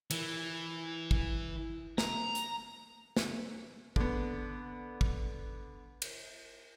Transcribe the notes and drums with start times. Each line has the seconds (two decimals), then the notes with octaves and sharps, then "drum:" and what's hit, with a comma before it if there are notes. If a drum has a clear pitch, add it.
0.11 E3, drum: cymbal
1.11 drum: kick
1.98 A#5, drum: snare
2.35 drum: hi-hat
3.17 drum: snare
3.96 D3 B3, drum: kick
5.01 drum: kick
6.02 drum: cymbal